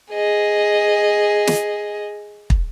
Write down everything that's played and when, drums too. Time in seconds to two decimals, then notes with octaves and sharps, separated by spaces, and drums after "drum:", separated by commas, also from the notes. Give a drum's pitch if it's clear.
0.12 G#4 D#5
1.47 drum: snare
2.50 drum: kick